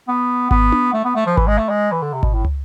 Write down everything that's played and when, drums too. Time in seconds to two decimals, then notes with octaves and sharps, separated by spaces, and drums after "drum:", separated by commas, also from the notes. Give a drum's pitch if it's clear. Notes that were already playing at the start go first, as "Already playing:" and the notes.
0.08 B3
0.51 B3, drum: kick G#1
0.72 drum: tom D4
0.93 A3
1.05 B3
1.16 A3
1.26 F3
1.37 E3, drum: kick G#1
1.47 G#3
1.58 A3
1.69 G#3
1.91 E3
2.02 D3
2.13 C3
2.23 B2, drum: kick G#1
2.34 A2
2.45 drum: tom